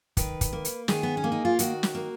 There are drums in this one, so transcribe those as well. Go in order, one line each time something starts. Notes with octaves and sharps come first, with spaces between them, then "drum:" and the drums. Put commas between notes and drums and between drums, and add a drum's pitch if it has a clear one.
D#3 B4, drum: kick, hi-hat
drum: kick, hi-hat
A#3
drum: hi-hat
D#3 G#4, drum: snare
B3
C#4
A#3
D#4
F4
D#3 F#4, drum: hi-hat
drum: snare
A#3